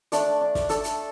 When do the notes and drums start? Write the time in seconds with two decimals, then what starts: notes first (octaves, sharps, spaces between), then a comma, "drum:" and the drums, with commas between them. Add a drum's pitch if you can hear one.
0.12 A3 D4 D5, drum: hi-hat
0.41 D4
0.55 drum: snare
0.69 D4 A4, drum: hi-hat
0.84 drum: hi-hat